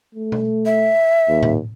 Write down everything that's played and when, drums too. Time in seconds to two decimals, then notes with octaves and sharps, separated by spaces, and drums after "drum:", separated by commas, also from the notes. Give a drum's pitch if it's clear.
0.15 A3
0.32 drum: tom B2
0.66 E5
1.29 D#2
1.43 drum: tom A2